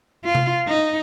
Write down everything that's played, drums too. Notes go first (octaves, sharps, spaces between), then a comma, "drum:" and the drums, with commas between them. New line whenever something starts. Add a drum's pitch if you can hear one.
F4
drum: tom C3
D#4